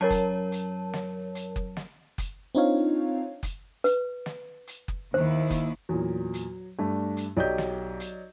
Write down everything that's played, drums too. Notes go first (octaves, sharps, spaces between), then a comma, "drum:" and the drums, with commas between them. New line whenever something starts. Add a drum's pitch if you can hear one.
F#2 A#4 C#5 A5
drum: kick F#1, hi-hat
drum: hi-hat
drum: snare
drum: hi-hat
drum: kick F#1
drum: snare
drum: kick F#1, hi-hat
C4 D4 D#4 F4 C#5 F5
drum: kick F#1, hi-hat
B4, drum: hi-hat
drum: snare
drum: hi-hat
drum: kick F#1
D#2 D#3 E4 C5
drum: kick F#1, hi-hat
E2 A#2 F#3
drum: hi-hat
G2 A3 D4
drum: hi-hat
B1 F#3 G4 D5 D#5 G6
drum: snare
drum: hi-hat